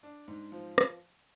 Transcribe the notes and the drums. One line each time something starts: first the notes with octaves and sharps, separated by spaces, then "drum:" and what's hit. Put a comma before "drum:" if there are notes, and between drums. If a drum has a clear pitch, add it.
D4
G#2
F3
drum: rim click